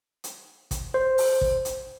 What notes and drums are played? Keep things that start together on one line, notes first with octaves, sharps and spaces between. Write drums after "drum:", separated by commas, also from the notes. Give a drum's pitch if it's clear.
drum: hi-hat
drum: kick, hi-hat
C5
drum: open hi-hat
drum: kick
drum: hi-hat